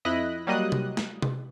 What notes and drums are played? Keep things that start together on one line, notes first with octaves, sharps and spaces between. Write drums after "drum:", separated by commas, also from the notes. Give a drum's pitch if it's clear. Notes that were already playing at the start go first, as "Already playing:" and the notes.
F2 E4 D#5 B5 F#6 A#6
F#3 G3 A#3 D#5 D#6 F#6
drum: tom C3
drum: snare
drum: tom C3